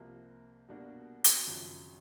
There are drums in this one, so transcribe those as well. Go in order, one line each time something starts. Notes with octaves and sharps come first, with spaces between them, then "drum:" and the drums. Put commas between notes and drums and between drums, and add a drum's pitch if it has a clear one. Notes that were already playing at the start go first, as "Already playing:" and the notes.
Already playing: C2 C3 F3 A#3
B2 G3 A#3 D4 F#4
drum: hi-hat
G#1 F#2 C#3 F3